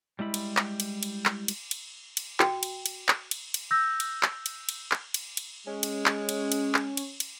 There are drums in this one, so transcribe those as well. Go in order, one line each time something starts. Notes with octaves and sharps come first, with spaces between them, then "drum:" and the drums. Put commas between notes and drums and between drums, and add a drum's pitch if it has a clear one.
G3 G#3 E4 B5
drum: cymbal
drum: clap
drum: cymbal
drum: cymbal
drum: clap
drum: cymbal
drum: cymbal
drum: cymbal
F#4 G5, drum: clap
drum: cymbal
drum: cymbal
drum: clap
drum: cymbal
drum: cymbal
E6 G6 A#6
drum: cymbal
drum: clap
drum: cymbal
drum: cymbal
drum: clap
drum: cymbal
drum: cymbal
G#3 C#4
drum: cymbal
drum: clap
drum: cymbal
drum: cymbal
drum: clap
drum: cymbal
drum: cymbal